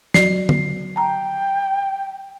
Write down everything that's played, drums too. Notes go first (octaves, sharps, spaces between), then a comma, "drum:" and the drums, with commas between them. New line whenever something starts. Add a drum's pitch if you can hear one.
F#3 F#4 D5 C7, drum: snare
drum: tom D3
G5 A5 A#5